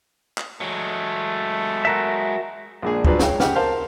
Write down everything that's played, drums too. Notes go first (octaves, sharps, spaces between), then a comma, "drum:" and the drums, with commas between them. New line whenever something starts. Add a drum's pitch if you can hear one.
drum: clap
F#3 G#3 A3
F#4 A#4 E5
A#1 G#3 D4 G#4
G2 F3 F#3 G#3 G#4 B4, drum: kick
G#3 C#5 F5 G5, drum: snare
C#3 G4 F#5 F6, drum: snare
A#4 C5 F5 A5